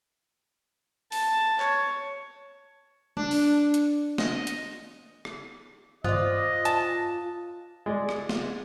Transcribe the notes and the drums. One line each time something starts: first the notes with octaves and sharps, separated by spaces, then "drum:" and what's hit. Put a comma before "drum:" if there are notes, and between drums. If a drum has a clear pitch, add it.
A5, drum: open hi-hat
C#5, drum: clap
D4, drum: tom
drum: open hi-hat
drum: hi-hat
D#5, drum: snare
drum: hi-hat
drum: rim click
F4 C5 D5 D#5 D#6 F#6, drum: tom G2
A5, drum: hi-hat
G#3 D5
drum: rim click
drum: snare